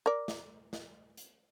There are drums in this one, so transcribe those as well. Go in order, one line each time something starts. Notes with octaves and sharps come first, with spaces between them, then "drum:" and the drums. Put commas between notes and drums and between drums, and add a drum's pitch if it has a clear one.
A#4 D5
drum: snare
drum: snare
drum: hi-hat